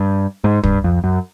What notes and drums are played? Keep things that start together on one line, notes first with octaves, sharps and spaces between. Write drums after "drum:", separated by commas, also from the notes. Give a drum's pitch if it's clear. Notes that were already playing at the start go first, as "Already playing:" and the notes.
Already playing: G2
G#2
G2, drum: kick
F2
F#2